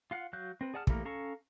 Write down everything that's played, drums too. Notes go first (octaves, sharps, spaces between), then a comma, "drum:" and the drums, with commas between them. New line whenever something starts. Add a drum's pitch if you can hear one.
F4 F5 F#5
F#3 F#4 F5 F#6 G6
C4 B4
G#4 D5 F#5 A5 F6
E3 G3 A3 A#3 A#4, drum: kick
C#4 A4 F5 A#5 C#6